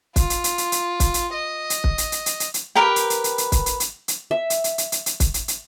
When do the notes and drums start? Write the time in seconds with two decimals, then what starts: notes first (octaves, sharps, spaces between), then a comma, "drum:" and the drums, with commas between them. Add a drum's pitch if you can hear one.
0.16 F4, drum: kick, hi-hat
0.30 drum: hi-hat
0.44 drum: hi-hat
0.58 drum: hi-hat
0.72 drum: hi-hat
1.00 drum: kick, hi-hat
1.14 drum: hi-hat
1.33 D#5
1.70 drum: hi-hat
1.84 drum: kick
1.98 drum: hi-hat
2.12 drum: hi-hat
2.26 drum: hi-hat
2.40 drum: hi-hat
2.54 drum: hi-hat
2.75 G4 A#4 B4 G5
2.96 drum: hi-hat
3.10 drum: hi-hat
3.24 drum: hi-hat
3.38 drum: hi-hat
3.52 drum: kick, hi-hat
3.66 drum: hi-hat
3.80 drum: hi-hat
4.08 drum: hi-hat
4.31 E5
4.50 drum: hi-hat
4.64 drum: hi-hat
4.78 drum: hi-hat
4.92 drum: hi-hat
5.06 drum: hi-hat
5.20 drum: kick, hi-hat
5.34 drum: hi-hat
5.48 drum: hi-hat